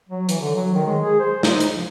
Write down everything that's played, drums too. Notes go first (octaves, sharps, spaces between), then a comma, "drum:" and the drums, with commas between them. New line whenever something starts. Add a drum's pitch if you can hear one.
F#3
E3, drum: hi-hat
D3
F#3
D#3
G#3
G#4
C5
D#4, drum: snare
drum: hi-hat
F3